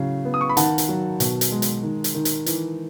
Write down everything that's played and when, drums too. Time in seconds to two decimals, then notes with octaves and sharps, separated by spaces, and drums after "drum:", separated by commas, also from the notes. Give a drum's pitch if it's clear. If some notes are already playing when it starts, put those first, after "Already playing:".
Already playing: A2 C#3 F#3
0.25 B3
0.34 D#6
0.41 C#6
0.49 B5
0.57 D#3 F#5 A5, drum: hi-hat
0.78 drum: hi-hat
0.89 F#3
1.20 B2, drum: hi-hat
1.41 drum: hi-hat
1.52 G#3
1.62 drum: hi-hat
1.83 D#3
2.04 drum: hi-hat
2.15 D#3
2.25 drum: hi-hat
2.46 E3, drum: hi-hat